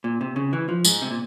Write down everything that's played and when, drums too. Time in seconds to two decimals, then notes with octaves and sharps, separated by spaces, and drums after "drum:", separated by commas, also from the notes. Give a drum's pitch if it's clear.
0.04 A#2
0.21 C3
0.36 C#3
0.53 E3
0.69 F3
0.85 G#2, drum: tambourine
1.02 C3
1.11 A#2